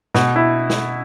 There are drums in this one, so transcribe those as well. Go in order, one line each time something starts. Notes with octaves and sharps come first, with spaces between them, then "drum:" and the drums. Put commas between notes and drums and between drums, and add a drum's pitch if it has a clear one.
B2, drum: snare
E4
drum: snare